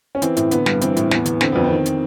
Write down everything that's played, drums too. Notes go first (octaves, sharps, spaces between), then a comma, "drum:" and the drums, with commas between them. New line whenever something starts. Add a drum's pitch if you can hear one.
C#4
E3 C4, drum: hi-hat
A2, drum: hi-hat
D3 B3, drum: hi-hat
G2, drum: snare
E3 C4, drum: hi-hat
A2, drum: hi-hat
E2 B3, drum: snare
E2, drum: hi-hat
D3 C4, drum: snare
F2 B3
C4
D#3
drum: hi-hat